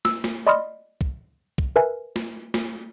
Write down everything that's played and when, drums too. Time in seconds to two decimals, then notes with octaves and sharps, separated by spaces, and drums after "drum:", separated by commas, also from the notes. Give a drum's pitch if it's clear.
0.05 E6, drum: snare
0.24 drum: snare
0.47 D5 D#5 B5 C6 D#6 F6
1.01 drum: kick
1.58 drum: kick
1.76 A#4 B4 E5 G#5
2.16 drum: snare
2.54 drum: snare